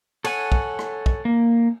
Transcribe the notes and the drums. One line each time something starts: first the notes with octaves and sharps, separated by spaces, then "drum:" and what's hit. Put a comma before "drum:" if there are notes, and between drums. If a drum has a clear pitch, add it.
A4 C#5 F#5 G#5, drum: cymbal
drum: kick
drum: rim click
drum: kick
A#3